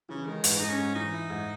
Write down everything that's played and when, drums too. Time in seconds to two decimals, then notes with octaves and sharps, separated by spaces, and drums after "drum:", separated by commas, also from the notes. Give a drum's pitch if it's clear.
0.09 C#3 E3
0.26 D#3 G#3
0.44 G#2 E3, drum: hi-hat
0.59 G#3 D#4
0.69 C#4
0.78 G#2
0.95 E3 D#4
1.13 E4
1.30 G#2